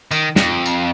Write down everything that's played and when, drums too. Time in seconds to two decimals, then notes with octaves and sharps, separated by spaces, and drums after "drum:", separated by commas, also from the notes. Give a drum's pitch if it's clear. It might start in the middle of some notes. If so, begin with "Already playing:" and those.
0.11 D#3, drum: tambourine
0.36 F2, drum: snare
0.66 drum: tambourine